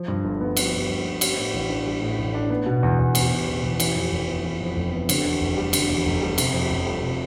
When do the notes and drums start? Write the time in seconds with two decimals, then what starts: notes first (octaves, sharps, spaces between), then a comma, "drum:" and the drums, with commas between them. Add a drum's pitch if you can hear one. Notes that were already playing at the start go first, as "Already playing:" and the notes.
Already playing: F3
0.08 G2
0.24 G1
0.41 B3
0.57 F3, drum: cymbal
0.73 G2
0.89 G1
1.05 B3
1.21 G3, drum: cymbal
1.37 A2
1.53 A1
1.69 D4
1.86 G3
2.02 A2
2.18 A1
2.34 D4
2.50 B3
2.66 B2
2.83 E2
2.99 E2
3.15 B3, drum: cymbal
3.31 B2
3.47 E2
3.63 E2
3.80 E3, drum: cymbal
3.96 F2
4.12 F1
4.28 B3
4.44 E3
4.60 F2
4.76 F1
4.93 B3
5.09 D3, drum: cymbal
5.25 E2
5.41 F1
5.57 G3
5.73 D3, drum: cymbal
5.89 E2
6.05 F1
6.21 G3
6.38 C3, drum: cymbal
6.54 F2
6.70 F1
6.86 G3
7.02 C3